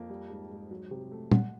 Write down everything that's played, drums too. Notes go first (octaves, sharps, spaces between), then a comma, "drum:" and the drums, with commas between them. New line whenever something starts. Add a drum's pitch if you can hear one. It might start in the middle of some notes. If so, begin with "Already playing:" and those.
Already playing: F2 A#3
G3
G#2
G#2
F#3
C3
A3
F#3 F#5, drum: tom